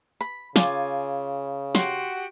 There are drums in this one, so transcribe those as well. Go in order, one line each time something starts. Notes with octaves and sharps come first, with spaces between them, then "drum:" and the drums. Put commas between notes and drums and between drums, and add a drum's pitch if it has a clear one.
B5
C#3 F4 G#5 D6, drum: snare
F#4 G4 F#5 C6, drum: snare